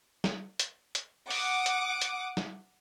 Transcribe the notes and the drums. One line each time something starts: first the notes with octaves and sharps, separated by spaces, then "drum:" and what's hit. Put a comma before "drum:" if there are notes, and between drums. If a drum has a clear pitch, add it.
drum: snare
drum: hi-hat
drum: hi-hat
F#5 D6 D#6, drum: open hi-hat
drum: hi-hat
drum: hi-hat
drum: snare